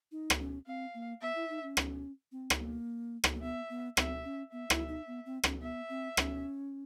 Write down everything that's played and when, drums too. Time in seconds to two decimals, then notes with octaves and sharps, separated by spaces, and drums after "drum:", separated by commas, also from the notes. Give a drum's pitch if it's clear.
0.12 D#4
0.30 drum: rim click
0.40 C#4
0.67 C4 F5
0.94 A#3
1.21 B3 E5
1.35 E4
1.49 D#4
1.63 C#4
1.77 drum: rim click
2.32 C4
2.50 drum: rim click
2.59 A#3
3.24 drum: rim click
3.34 A#3
3.42 B3 E5
3.70 B3
3.97 C4 E5, drum: rim click
4.24 C#4
4.52 B3 E5
4.70 E4, drum: rim click
4.89 D#4
5.07 B3
5.26 C4
5.43 C#4, drum: rim click
5.62 B3 E5
5.89 C4
6.17 C#4, drum: rim click